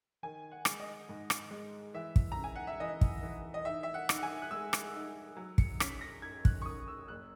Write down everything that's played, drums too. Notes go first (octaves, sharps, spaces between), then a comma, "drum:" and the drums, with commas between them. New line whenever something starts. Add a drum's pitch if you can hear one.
D#3 G#5
F#5
G#3, drum: rim click
D#5
G#2
drum: rim click
G#3
E3 E5
drum: kick
C#3 A#5
G#5
F#5
E5
E3 D#5
drum: kick
E3
D#5
D#4 E5
E5
F#5
D#4, drum: rim click
F#5
G#5
F#6
G#3 E6
drum: rim click
D#4
F#3
C#7, drum: kick
C#4 B6, drum: rim click
A#6
F#2 G#6
F#6, drum: kick
C#6
F#2 D#6
E6
F#1 F#6